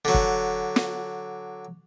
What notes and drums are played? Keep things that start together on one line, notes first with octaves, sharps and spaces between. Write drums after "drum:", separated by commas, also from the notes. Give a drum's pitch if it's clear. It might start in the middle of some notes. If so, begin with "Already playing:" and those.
D3 F#3
drum: kick
drum: snare